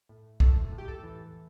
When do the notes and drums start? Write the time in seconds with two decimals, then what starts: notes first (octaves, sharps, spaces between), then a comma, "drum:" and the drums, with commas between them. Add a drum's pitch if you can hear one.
0.09 A2
0.40 A2 A4, drum: kick
0.72 A2
0.78 G4
0.88 A4
1.03 E3